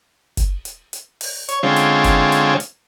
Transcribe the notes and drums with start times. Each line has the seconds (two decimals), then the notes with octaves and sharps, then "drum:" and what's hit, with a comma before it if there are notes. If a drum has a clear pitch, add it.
0.37 drum: kick, hi-hat
0.65 drum: hi-hat
0.93 drum: hi-hat
1.21 drum: open hi-hat
1.49 C#5, drum: hi-hat
1.63 D3 G#3 C4 C#4 F4
1.76 drum: hi-hat
2.04 drum: kick, hi-hat
2.32 drum: hi-hat
2.60 drum: hi-hat